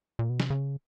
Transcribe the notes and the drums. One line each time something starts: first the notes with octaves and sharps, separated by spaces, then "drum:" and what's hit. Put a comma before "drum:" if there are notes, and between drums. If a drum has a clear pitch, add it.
A#2
B2
C3, drum: snare
C#3